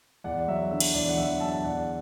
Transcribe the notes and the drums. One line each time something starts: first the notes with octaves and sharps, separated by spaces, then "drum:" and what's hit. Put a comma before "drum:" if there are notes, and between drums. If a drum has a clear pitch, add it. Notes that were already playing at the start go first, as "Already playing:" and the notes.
E2 D5 F#5
F#3 E5
D3 E5
drum: cymbal
E2 D5
F#5
E2 E5
F#3 E5 A5
E2 D5 F#5